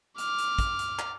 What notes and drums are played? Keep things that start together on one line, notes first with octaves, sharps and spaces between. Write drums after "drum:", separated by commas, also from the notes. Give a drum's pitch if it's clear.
D6 F6, drum: hi-hat
drum: hi-hat
drum: kick, hi-hat
drum: hi-hat
drum: clap